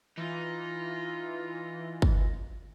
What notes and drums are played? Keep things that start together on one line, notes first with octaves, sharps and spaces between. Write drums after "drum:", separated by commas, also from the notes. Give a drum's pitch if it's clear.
E3 D#4 F4
drum: kick